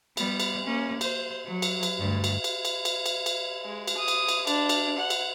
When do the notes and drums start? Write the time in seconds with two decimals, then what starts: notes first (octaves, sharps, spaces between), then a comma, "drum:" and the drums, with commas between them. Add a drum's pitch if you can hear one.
0.17 G3 B3, drum: cymbal
0.40 drum: cymbal
0.64 A#3 C#4
1.01 C5, drum: cymbal
1.46 F#3
1.62 drum: cymbal
1.83 drum: cymbal
1.99 D2 G2
2.24 drum: cymbal
2.44 drum: cymbal
2.65 drum: cymbal
2.85 drum: cymbal
3.06 drum: cymbal
3.26 drum: cymbal
3.64 G#3
3.87 drum: cymbal
3.97 D#6
4.08 drum: cymbal
4.28 drum: cymbal
4.47 D4, drum: cymbal
4.69 drum: cymbal
4.98 F#5
5.10 drum: cymbal